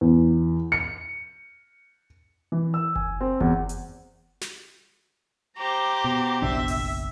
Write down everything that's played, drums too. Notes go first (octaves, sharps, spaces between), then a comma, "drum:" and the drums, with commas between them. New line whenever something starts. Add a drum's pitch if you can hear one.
E2
C#7
E3
E6
G#5, drum: kick F#1
C4
E2, drum: kick F#1
drum: hi-hat
drum: snare
G4 C5 A#5 D6
B2
F#1 B1 D4 E5
drum: open hi-hat